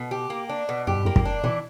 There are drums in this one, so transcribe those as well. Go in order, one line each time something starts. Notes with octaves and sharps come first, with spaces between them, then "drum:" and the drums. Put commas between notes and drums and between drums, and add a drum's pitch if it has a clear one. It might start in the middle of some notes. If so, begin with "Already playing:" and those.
Already playing: B2
G4
A#3
D4
B2
F#2 G4
G2
F#2 A#3
F#2, drum: kick
D4
B2 E3